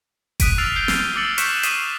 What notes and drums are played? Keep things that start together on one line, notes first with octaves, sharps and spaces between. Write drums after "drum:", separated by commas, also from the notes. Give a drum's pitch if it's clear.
D#6 F#6 B6 D7 D#7, drum: kick F#1, hi-hat
E6 F6 A6 C7 D7 F7
E6 G6 C7 G7
drum: snare
D6 E6 A6 C#7 F#7
C#6 F#6 G6 B6 C#7 E7, drum: hi-hat
D#6 B6 C7 D#7 E7, drum: hi-hat